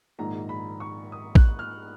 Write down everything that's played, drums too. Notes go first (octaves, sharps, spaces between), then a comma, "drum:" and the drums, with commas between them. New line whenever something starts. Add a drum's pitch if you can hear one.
A#1 G#2 D#3 A#5
B5
C#6
D#6
F#6, drum: kick
F6